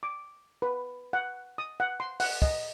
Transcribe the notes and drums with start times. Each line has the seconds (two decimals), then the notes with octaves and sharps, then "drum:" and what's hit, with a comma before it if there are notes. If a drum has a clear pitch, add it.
0.03 D6
0.62 B4
1.13 F#5
1.58 D#6
1.80 F#5
2.00 C6
2.20 F#5, drum: open hi-hat
2.42 D#5, drum: kick